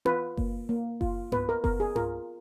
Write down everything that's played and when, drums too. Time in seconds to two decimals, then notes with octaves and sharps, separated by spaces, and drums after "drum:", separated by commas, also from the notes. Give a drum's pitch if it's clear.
0.05 F4 B4, drum: tom B3
0.37 A#3, drum: kick F#1
0.69 A#3
1.01 F4, drum: kick F#1
1.32 B3 B4, drum: tom G2
1.49 A#4
1.64 B3 A#4, drum: kick F#1
1.80 G#4
1.96 F4 A#4, drum: tom G2